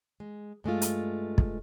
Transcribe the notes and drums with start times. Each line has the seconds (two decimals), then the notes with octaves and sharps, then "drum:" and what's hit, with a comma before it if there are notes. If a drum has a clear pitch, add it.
0.20 G#3
0.64 G2 G#3 A3 F4
0.82 drum: hi-hat
1.38 drum: kick